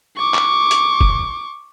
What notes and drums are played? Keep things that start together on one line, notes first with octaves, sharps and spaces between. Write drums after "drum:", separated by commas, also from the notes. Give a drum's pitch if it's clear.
C#6 D6
drum: clap
drum: hi-hat
drum: kick